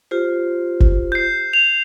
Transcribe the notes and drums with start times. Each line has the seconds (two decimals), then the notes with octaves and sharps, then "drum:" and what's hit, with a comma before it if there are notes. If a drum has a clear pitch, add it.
0.11 F4 G4 C5
0.80 drum: kick G1
1.12 G6 C7
1.53 F7